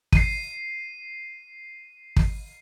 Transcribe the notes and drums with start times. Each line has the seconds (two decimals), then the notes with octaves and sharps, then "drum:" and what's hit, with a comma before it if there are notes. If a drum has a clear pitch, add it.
0.12 C7 D#7, drum: kick
2.16 drum: kick